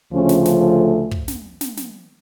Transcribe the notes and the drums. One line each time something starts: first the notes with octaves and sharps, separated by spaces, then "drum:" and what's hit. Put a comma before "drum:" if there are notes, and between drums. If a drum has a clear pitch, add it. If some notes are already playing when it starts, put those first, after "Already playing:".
D2 C#3 F3 A3 C#4
drum: snare
drum: snare
drum: kick
drum: snare
drum: snare
drum: snare